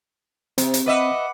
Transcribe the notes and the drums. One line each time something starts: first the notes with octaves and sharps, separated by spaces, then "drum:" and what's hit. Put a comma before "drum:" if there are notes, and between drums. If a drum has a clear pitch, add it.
C3 C4, drum: hi-hat
drum: hi-hat
B4 D#5 E5 F#5 B5 D6